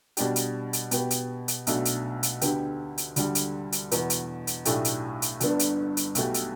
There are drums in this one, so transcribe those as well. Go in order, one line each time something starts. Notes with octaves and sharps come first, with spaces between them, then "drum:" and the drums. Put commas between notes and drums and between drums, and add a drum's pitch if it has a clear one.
B2 G3 D4 G4, drum: hi-hat
drum: hi-hat
drum: hi-hat
B2 B3 G4, drum: hi-hat
drum: hi-hat
drum: hi-hat
B1 B2 A3 D4, drum: hi-hat
drum: hi-hat
drum: hi-hat
D2 D3 B3 G4, drum: hi-hat
drum: hi-hat
D2 D3 G3, drum: hi-hat
drum: hi-hat
drum: hi-hat
E2 B2 B3, drum: hi-hat
drum: hi-hat
drum: hi-hat
B1 A2 A3 D4 G4, drum: hi-hat
drum: hi-hat
drum: hi-hat
G1 G2 D3 B3 D4, drum: hi-hat
drum: hi-hat
drum: hi-hat
B1 B2 A3 G4, drum: hi-hat
drum: hi-hat